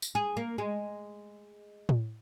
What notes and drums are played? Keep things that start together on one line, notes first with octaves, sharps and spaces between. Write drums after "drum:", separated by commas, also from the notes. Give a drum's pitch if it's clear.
drum: tambourine
G#4
A#3
G#3
drum: tom A2